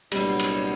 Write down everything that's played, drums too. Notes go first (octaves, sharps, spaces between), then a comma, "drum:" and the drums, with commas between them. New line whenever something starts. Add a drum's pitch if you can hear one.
C2 A#2 F#3 G3 B3 D4, drum: cymbal
drum: cymbal